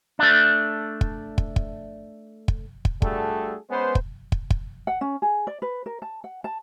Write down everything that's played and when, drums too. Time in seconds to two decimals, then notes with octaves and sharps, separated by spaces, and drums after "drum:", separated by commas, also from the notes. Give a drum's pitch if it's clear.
0.19 A3 D4
1.01 drum: kick
1.38 drum: kick
1.56 drum: kick
2.48 drum: kick
2.85 drum: kick
3.02 G3 A3 D4 F#4 G#4 A4, drum: kick
3.70 G#3 B3 C#4 B4 C5
3.95 drum: kick
4.32 drum: kick
4.50 drum: kick
4.87 F#5
5.01 C#4
5.22 G#4
5.47 D5
5.62 B4
5.86 A#4
6.02 A5
6.24 F#5
6.44 A5